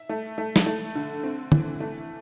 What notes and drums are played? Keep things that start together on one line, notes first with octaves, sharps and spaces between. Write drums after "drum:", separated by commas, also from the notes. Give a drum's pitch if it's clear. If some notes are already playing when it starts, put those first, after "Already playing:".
Already playing: E5
A3
A3
drum: snare
A3
D3
C4
E3, drum: tom D3
A3